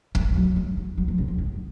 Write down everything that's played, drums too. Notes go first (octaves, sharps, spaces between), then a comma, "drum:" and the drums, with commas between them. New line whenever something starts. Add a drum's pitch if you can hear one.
G#3, drum: kick
F#3
G#3
F#3
F#3
F3
C#3
F3
G#3